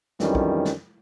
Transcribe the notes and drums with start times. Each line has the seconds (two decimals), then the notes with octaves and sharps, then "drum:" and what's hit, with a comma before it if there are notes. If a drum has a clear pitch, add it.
0.20 F2 D#3 E3 F#3 G3 C#4, drum: snare
0.35 drum: kick
0.65 drum: snare